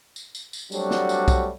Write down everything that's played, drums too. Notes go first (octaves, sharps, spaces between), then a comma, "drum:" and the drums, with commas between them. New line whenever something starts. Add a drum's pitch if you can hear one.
drum: tambourine
drum: tambourine
drum: tambourine
F#3 G3 A3 C4 D4 F#4, drum: tambourine
drum: snare
drum: tambourine
drum: kick B1, tambourine